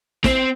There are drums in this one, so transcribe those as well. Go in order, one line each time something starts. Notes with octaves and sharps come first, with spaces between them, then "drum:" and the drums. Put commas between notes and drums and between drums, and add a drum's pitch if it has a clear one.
C4, drum: snare